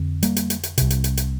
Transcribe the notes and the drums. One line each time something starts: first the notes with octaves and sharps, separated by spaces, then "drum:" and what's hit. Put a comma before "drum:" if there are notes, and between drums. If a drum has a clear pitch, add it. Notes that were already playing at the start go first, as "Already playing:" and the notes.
Already playing: F2 D3
G3 A#3, drum: hi-hat
drum: hi-hat
drum: hi-hat
drum: hi-hat
C2 C3, drum: hi-hat
drum: hi-hat
drum: hi-hat
drum: hi-hat